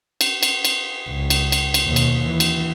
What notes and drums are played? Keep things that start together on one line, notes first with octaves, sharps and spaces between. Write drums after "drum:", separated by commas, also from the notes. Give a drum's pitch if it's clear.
drum: cymbal
drum: cymbal
drum: cymbal
C#2
drum: cymbal
drum: cymbal
drum: cymbal
D#2 B2
drum: cymbal
E3
drum: cymbal